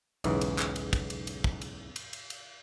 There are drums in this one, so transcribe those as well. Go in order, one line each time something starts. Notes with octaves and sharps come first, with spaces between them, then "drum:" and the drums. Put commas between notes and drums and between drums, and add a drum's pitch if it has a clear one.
B1 E2 G#2 C#3 E3, drum: cymbal
drum: cymbal
drum: clap
drum: cymbal
drum: kick, cymbal
drum: cymbal
drum: cymbal
drum: kick
drum: cymbal
drum: cymbal
drum: cymbal
drum: cymbal